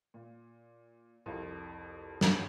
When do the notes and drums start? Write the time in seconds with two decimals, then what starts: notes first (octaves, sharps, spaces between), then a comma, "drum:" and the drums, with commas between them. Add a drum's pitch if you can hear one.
0.14 A#2
1.26 C2 F2
2.21 drum: snare